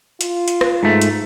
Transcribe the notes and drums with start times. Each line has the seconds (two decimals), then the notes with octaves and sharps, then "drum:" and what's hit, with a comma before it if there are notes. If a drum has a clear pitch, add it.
0.21 F4, drum: hi-hat
0.48 drum: hi-hat
0.61 drum: rim click
0.83 G#2 A3
1.01 drum: hi-hat